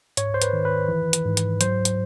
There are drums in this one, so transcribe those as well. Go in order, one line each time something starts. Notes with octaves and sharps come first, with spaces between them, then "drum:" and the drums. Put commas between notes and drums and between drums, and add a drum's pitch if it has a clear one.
G#2 C#5, drum: hi-hat
C5
B4, drum: hi-hat
D#3
B4
E3
drum: hi-hat
G#2
drum: hi-hat
F#3 C5, drum: hi-hat
drum: hi-hat